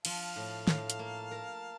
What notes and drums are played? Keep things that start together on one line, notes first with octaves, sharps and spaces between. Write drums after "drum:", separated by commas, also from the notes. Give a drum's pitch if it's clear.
F3 F5 A5, drum: cymbal
A2
A2, drum: snare
drum: hi-hat
A#3
A#4